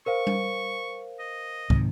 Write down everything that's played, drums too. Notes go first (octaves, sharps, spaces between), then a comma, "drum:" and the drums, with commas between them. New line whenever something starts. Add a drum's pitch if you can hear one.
A#4 C5 F5 C#6
drum: tom G3
D#5
G#2 C3 D#3, drum: kick